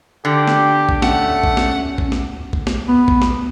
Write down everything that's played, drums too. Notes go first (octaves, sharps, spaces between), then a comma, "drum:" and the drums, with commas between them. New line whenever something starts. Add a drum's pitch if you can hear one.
D3 G4
drum: snare
drum: kick A#1
A3 C#4 F#5, drum: snare
drum: kick A#1
drum: snare
drum: kick A#1
drum: snare
drum: kick A#1
drum: snare
B3
drum: kick A#1
drum: snare